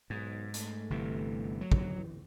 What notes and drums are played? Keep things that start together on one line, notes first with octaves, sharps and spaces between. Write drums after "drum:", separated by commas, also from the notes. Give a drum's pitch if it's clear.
B1 G#2
A3, drum: hi-hat
G1 C3 E3
F#3
drum: kick
E3